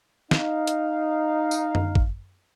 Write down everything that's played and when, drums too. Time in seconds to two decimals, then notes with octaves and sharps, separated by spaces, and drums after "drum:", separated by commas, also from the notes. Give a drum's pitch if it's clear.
0.31 D#4 F5, drum: snare
0.67 drum: hi-hat
1.51 drum: tambourine
1.75 drum: tom F#2
1.95 drum: kick